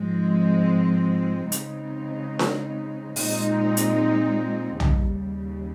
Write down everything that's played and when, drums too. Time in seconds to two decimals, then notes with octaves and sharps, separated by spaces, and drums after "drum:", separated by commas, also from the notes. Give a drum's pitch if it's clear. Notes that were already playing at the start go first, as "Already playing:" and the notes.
Already playing: G#2 F3 G#3 C4
1.52 C#3 G#3 C4 D#4, drum: hi-hat
2.39 drum: snare D4
3.16 A#2 G#3 C4 D#4, drum: open hi-hat
3.77 drum: hi-hat
4.80 D#2 C#3 G3, drum: tom